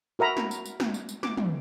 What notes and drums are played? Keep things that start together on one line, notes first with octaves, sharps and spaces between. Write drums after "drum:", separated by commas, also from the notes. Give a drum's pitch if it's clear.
F#4 A#4 E5 A#5 B5
drum: snare
drum: tambourine
drum: tambourine
drum: snare
drum: tambourine
drum: tambourine
D6, drum: snare
drum: tom